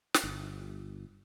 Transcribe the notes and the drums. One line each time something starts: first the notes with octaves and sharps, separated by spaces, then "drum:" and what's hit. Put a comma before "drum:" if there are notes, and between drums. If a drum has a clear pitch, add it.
drum: snare
G1